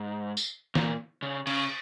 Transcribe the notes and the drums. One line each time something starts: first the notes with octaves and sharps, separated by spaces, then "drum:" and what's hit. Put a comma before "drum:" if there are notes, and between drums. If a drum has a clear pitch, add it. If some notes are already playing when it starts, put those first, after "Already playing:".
Already playing: G#2
drum: tambourine
A#2, drum: snare E3
C#3
C#3, drum: cymbal